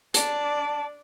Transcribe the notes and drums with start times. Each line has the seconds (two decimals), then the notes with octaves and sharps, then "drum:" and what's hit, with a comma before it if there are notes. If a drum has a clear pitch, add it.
0.14 D4 D5 A5, drum: hi-hat